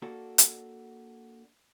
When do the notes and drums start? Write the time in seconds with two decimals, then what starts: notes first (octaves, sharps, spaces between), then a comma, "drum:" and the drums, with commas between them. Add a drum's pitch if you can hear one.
0.02 A#3 D4 F#4 A4
0.38 drum: hi-hat